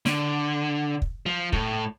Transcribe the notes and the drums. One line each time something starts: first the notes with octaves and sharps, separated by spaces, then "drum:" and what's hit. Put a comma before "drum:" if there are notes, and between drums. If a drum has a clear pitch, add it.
D3, drum: snare
drum: kick
F3
A2, drum: kick